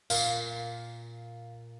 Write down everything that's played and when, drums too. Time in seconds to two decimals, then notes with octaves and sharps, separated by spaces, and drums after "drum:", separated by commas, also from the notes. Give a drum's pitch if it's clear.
0.10 A#2 F5, drum: tambourine